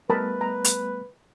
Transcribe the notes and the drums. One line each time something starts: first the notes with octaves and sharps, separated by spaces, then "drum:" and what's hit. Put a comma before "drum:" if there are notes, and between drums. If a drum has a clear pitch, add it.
G3 A3 B3 A#4 B4 A5 B5
A#5
drum: hi-hat